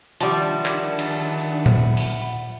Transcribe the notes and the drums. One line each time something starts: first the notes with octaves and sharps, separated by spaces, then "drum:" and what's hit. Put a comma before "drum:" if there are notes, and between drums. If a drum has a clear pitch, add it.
D#3 F3 G3 D4 E5 F#5 A5 B5, drum: hi-hat
drum: clap
drum: cymbal
drum: tambourine
drum: tom A#2
drum: open hi-hat